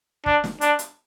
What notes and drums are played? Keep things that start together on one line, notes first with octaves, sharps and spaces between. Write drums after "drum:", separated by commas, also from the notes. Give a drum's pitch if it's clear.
D4, drum: kick
drum: snare
D4, drum: hi-hat
drum: hi-hat